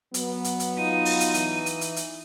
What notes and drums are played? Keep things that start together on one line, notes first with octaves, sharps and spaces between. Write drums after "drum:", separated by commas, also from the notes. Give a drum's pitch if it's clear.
F#3 B3, drum: hi-hat
drum: hi-hat
drum: hi-hat
D#4 F4 D#7
drum: open hi-hat
drum: hi-hat
E3, drum: hi-hat
drum: hi-hat
drum: hi-hat
drum: hi-hat